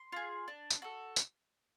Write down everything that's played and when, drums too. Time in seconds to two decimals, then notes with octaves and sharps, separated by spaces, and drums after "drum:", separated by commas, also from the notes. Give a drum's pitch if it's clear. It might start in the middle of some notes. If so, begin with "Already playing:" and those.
Already playing: C6
0.12 F4 G#4
0.48 D4
0.70 drum: tambourine
0.82 F#4 A4
1.16 drum: tambourine